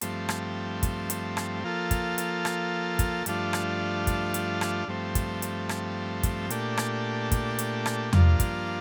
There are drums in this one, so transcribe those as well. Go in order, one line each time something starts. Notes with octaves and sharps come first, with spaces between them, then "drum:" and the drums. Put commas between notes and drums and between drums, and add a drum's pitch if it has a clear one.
G2 F3 A3 C4, drum: hi-hat
drum: rim click
drum: kick, hi-hat
drum: hi-hat
drum: rim click
F3 A#3 F4 A4
drum: kick, hi-hat
drum: hi-hat
drum: rim click
drum: kick, hi-hat
G2 F3 A3 D4 F4, drum: hi-hat
drum: rim click
drum: kick, hi-hat
drum: hi-hat
drum: rim click
G2 F3 A3 C4
drum: kick, hi-hat
drum: hi-hat
drum: rim click
drum: kick, hi-hat
A#2 A3 D4 G4, drum: hi-hat
drum: rim click
drum: kick, hi-hat
drum: hi-hat
drum: rim click
G2 F3 A#3 D4 F4, drum: tom E2
drum: kick, hi-hat